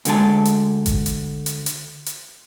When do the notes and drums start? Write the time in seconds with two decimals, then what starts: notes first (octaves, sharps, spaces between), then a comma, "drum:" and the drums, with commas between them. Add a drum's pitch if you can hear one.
0.05 D2 D3 G#3 A5, drum: hi-hat
0.45 drum: hi-hat
0.86 drum: kick G#1, hi-hat
1.06 drum: hi-hat
1.46 drum: hi-hat
1.66 drum: hi-hat
2.06 drum: hi-hat